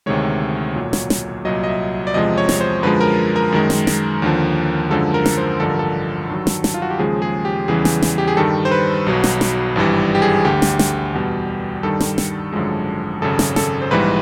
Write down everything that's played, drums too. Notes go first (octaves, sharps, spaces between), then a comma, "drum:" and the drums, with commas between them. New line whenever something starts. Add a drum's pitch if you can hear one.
D2 C3 D#3 G#3 C#5
B1 A#2 F#3
drum: snare
drum: snare
C2 A#2 F#3 D#5
D#5
E5
D5
E2 C3 F3 G#3 D#5
C#5
drum: snare
C5
F#2 D3 F3 G#3 B4
A#4
A#4
F#2 D#3 G#3
drum: snare
drum: snare
D#2 D3 F3
F#2 D3 F3 G#3 A4
A#4
drum: snare
C5
A1 G2 D3 F3 A4
A#4
A4
G2 D#3 F#3
drum: snare
drum: snare
F4
F#4
G4
D#2 C#3 F3 G#3 G#4
G#4
G4
E2 C#3 E3 G3 G#4
drum: snare
drum: snare
G4
G#4
G2 D#3 G3 A4
C5
B4
B1 B2 F#3
drum: snare
drum: snare
G#1 G2 E3 G3
G4
G#4
D2 D3 G3 G4
drum: snare
drum: snare
E2 B2 G3
G2 D#3 G3 A4
drum: snare
drum: snare
G#1 F#2 D3 F3 G#3
G#1 F#2 C#3 A4
drum: snare
A4, drum: snare
C5
A#1 G#2 E3 G3 B4